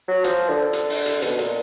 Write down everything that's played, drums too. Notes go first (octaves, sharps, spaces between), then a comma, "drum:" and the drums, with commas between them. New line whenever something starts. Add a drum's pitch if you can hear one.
F#3
F3, drum: hi-hat
D3
drum: hi-hat
drum: open hi-hat
drum: hi-hat
B2, drum: hi-hat
A#2, drum: hi-hat